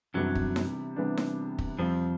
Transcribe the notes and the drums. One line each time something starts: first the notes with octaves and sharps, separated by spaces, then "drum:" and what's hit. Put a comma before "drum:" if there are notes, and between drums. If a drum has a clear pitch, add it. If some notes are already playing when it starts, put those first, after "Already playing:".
F#2 C3 E3 F#3 G3 B3 D4
drum: kick
drum: snare D#4
C3 E3 G3 B3 D4
drum: snare D#4
drum: kick
F2 F3 G3 C4 F4